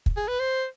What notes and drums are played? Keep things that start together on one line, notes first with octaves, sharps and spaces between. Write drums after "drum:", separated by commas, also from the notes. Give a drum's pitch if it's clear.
drum: kick
G#4
B4
C5